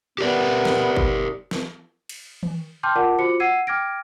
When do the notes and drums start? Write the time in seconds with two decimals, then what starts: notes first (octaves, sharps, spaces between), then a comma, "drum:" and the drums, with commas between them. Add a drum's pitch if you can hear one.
0.19 B3 G4 A#4 D5
0.65 drum: snare
0.96 drum: kick F#1
1.51 drum: snare
2.09 drum: cymbal
2.43 drum: tom D#3
2.83 G5 A5 C6 D6 F6 G6
2.96 F4 A#4 D5 F#5 A5 D6
3.18 F4 F#4 C5 D6 C#7
3.40 F#5 E6 G#6 C7 D#7
3.67 G5 D6 F6 G#6 A#6 D7